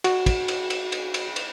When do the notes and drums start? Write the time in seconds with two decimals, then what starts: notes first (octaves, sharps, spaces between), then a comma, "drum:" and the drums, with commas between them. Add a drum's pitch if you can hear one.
0.04 F#4, drum: cymbal
0.26 drum: kick, cymbal
0.48 drum: cymbal
0.70 drum: cymbal
0.92 drum: cymbal
1.14 drum: cymbal
1.36 drum: cymbal